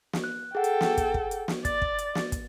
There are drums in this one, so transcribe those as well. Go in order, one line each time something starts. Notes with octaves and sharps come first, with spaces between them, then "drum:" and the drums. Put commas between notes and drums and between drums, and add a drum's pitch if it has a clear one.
drum: snare
F#6
G#4 A4 F#5 G5
drum: hi-hat
drum: snare
drum: kick, hi-hat
drum: kick
drum: hi-hat
drum: snare
D5 A6, drum: kick, hi-hat
drum: kick
drum: hi-hat
drum: snare
drum: kick, hi-hat